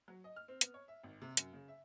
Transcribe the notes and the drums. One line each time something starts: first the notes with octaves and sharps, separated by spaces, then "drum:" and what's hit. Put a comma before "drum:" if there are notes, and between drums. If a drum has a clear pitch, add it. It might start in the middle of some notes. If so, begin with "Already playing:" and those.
F#3
D#5
F6
C4
B3, drum: hi-hat
C#5
E5
G#1
C3
F#2, drum: hi-hat
C#3
E5